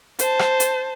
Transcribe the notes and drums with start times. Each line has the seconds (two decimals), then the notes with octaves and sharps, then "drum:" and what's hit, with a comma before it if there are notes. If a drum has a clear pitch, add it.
0.19 C5 A5, drum: hi-hat
0.39 drum: rim click
0.60 drum: hi-hat